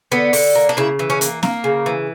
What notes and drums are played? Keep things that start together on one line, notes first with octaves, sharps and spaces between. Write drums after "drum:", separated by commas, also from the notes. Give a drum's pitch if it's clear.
D3 B3
D3, drum: open hi-hat
A#3
D4
C#3 E4
E3
C#4
A#3, drum: hi-hat
A#3, drum: snare
C#3
E3